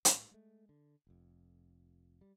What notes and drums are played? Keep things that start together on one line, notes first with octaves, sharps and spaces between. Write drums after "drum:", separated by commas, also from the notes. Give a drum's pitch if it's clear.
A2, drum: hi-hat
G#3 A3
D3
F1 F2
G3